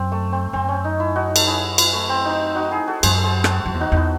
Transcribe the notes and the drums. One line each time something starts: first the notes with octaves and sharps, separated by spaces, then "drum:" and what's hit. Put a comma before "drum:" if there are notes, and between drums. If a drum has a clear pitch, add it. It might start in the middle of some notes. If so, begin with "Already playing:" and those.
Already playing: F#2 C4
A3
C4
F#2 C4
C#4
D#4
E4
D#4 F#4
A4, drum: cymbal
E4 G#4
E4, drum: cymbal
A3
C4
D#4
D#4 F#4
E4 G#4
F#4 A4
F#2 G#4 C5, drum: cymbal
A4
G#4 C5
F#4 A4, drum: rim click
F#2
E2
D#4 F#4
E2 D#4 E4